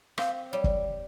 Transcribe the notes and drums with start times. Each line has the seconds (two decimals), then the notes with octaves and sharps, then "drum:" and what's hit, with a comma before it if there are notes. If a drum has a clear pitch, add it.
0.18 C4 F5, drum: rim click
0.52 G3 C#5
0.64 drum: kick